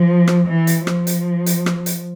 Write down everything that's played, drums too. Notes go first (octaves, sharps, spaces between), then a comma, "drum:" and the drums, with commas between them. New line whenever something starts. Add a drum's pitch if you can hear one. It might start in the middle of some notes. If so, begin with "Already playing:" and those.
Already playing: F3
drum: rim click
E3
drum: hi-hat
F3, drum: rim click
drum: hi-hat
drum: hi-hat
drum: rim click
drum: hi-hat